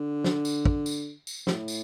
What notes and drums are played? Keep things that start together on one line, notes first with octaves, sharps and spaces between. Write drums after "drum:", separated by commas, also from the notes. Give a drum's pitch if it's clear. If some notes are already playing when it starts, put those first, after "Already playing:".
Already playing: D3
drum: snare
drum: tambourine
drum: kick
drum: tambourine
drum: tambourine
A2, drum: snare
drum: tambourine